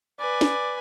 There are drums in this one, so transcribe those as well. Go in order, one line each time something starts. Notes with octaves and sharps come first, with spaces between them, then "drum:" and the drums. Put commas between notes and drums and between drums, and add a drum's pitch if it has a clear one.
B4 D5 G#5
drum: snare